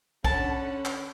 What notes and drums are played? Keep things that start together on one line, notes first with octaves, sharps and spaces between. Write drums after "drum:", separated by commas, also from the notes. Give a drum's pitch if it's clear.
D3 C#4 F#5 A5 B5, drum: kick
drum: clap